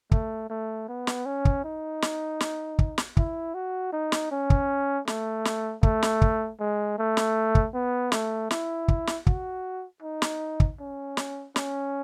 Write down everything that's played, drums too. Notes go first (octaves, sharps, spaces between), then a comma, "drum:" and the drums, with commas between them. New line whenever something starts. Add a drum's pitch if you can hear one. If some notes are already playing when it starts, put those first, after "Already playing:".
A3, drum: kick
A3
B3
drum: snare
C#4
drum: kick
D#4
drum: snare
drum: snare
drum: kick
drum: snare
E4, drum: kick
F#4
D#4
drum: snare
C#4
drum: kick
A3, drum: snare
drum: snare
A3, drum: kick
drum: snare
drum: kick
G#3
A3
drum: snare
drum: kick
B3
A3, drum: snare
E4, drum: snare
drum: kick
drum: snare
F#4, drum: kick
D#4
drum: snare
drum: kick
C#4
drum: snare
C#4, drum: snare